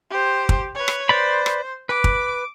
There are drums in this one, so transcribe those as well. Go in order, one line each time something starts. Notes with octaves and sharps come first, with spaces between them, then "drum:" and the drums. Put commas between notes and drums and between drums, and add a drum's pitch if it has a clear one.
G4 C5
drum: kick
B4 C#5
drum: rim click
B4 C5 D5 B5
drum: rim click
B4 D6
drum: kick